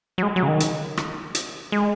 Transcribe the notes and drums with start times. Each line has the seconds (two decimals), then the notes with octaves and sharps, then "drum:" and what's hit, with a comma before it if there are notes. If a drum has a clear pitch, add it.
0.18 F#3
0.23 G#3
0.36 F#3
0.43 C#3
0.48 D#3
0.60 drum: hi-hat
0.97 drum: rim click
1.35 drum: hi-hat
1.72 G#3